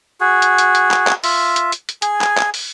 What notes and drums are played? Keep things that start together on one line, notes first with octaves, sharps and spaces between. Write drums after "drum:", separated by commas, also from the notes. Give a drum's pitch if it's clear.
F#4 G#4
drum: hi-hat
drum: hi-hat
drum: hi-hat
drum: clap
drum: clap
F4 E5, drum: open hi-hat
drum: hi-hat
drum: hi-hat
drum: hi-hat
G#4 G#5, drum: hi-hat
drum: clap
drum: clap
drum: open hi-hat